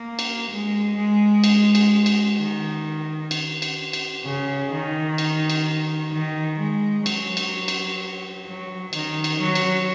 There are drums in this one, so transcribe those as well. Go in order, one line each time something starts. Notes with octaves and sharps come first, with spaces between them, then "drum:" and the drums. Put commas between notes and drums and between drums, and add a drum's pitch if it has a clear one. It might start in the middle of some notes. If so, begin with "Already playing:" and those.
Already playing: A#3
drum: cymbal
G#3
G#3
drum: cymbal
drum: cymbal
drum: cymbal
D#3
drum: cymbal
drum: cymbal
drum: cymbal
C#3
D#3
drum: cymbal
drum: cymbal
D#3
G#3
F#3, drum: cymbal
drum: cymbal
drum: cymbal
F#3
D#3, drum: cymbal
drum: cymbal
F#3
drum: cymbal